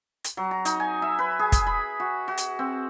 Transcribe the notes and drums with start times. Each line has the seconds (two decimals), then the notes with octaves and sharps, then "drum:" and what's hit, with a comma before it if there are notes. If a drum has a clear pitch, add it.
0.24 drum: hi-hat
0.37 F#3
0.51 A#5
0.65 D#4, drum: hi-hat
0.80 G#5
1.02 E5
1.19 B4
1.39 G#4
1.52 drum: kick, hi-hat
1.67 B5
2.00 F#4
2.28 F#4
2.38 drum: hi-hat
2.59 C4